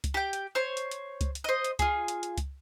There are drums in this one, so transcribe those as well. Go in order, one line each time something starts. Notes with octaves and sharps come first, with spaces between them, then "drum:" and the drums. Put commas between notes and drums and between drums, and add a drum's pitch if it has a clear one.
drum: kick C#2, hi-hat
G4 G5
drum: hi-hat
C5 C#5
drum: hi-hat
drum: hi-hat
drum: kick C#2, hi-hat
drum: hi-hat
C5 D#5
drum: hi-hat
F4 G#4, drum: kick C#2, hi-hat
drum: hi-hat
drum: hi-hat
drum: kick C#2, hi-hat